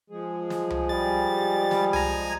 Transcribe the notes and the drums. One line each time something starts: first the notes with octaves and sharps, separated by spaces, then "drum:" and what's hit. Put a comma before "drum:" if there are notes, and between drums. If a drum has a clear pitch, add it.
F3 G#3 G#4
drum: snare
drum: tom C2
G3 A6
drum: snare
G#5 A#5, drum: tom C2